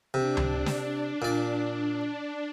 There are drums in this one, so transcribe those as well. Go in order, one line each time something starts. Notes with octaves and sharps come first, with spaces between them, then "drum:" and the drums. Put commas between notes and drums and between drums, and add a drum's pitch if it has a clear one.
C3 D4
drum: tom C#2
drum: snare
A#2 D5